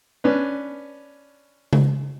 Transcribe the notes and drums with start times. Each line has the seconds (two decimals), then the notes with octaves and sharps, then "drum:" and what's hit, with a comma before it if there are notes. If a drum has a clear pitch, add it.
0.24 C#4 D4 B4
1.73 drum: tom C#3